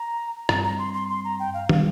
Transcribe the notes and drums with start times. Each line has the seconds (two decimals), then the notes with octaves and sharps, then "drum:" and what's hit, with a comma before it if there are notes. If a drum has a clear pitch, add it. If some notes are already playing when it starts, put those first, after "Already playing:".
Already playing: A#5
0.49 G2 G3 C4 A#5, drum: rim click
0.64 A#5
0.79 C6
0.94 C6
1.10 C6
1.25 A#5
1.39 G5
1.54 F5
1.69 G3 D4 F5, drum: tom